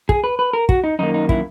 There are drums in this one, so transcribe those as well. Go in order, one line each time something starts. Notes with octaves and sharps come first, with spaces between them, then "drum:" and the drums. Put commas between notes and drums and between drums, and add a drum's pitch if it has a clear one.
G#4, drum: kick
B4
B4
A#4
F#4, drum: kick
D#4
F#2 D#3 A#3 D#4
D#4
E4, drum: kick